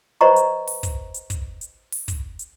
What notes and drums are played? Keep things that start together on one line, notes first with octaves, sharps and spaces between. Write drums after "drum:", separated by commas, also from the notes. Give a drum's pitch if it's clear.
B4 C5 D5 D#5 A#5 C#6
drum: hi-hat
drum: open hi-hat
drum: kick, hi-hat
drum: hi-hat
drum: kick, hi-hat
drum: hi-hat
drum: open hi-hat
drum: kick, hi-hat
drum: hi-hat